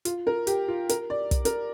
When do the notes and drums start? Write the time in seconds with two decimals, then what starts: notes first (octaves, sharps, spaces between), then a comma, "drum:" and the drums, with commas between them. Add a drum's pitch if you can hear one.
0.05 F4, drum: hi-hat
0.27 A#4
0.47 G4, drum: hi-hat
0.68 F4
0.89 A#4, drum: hi-hat
1.10 D5
1.31 drum: kick, hi-hat
1.45 A#4, drum: hi-hat